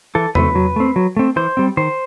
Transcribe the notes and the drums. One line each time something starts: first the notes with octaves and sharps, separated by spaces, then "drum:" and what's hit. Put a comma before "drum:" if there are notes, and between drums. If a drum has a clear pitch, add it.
E3 A4
A3 C4 B4, drum: tom
F#3
A3 C4
F#3
A3 C4
E3 C5
G3 C4
D#3 C5